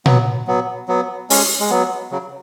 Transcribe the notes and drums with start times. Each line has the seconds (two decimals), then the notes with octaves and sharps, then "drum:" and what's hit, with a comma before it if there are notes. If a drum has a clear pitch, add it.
0.06 F#3 B3, drum: tom A#2
0.47 F#3 B3
0.88 F#3 B3
1.30 G#3 C#4, drum: open hi-hat
1.60 G#3
1.70 F#3 B3
2.12 C#3 F#3